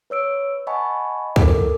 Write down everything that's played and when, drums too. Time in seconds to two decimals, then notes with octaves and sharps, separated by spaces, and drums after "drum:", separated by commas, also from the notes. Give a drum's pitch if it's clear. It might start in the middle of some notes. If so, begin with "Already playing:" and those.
0.10 B4 C#5 E6 D7
0.67 D#5 F#5 G#5 A5 B5 C#6
1.36 A4 A#4 D6, drum: kick